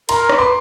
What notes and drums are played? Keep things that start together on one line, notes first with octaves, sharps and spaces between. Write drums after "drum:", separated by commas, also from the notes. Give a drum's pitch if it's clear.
A#4 A#5 C6, drum: cymbal
B4, drum: rim click
C6 D6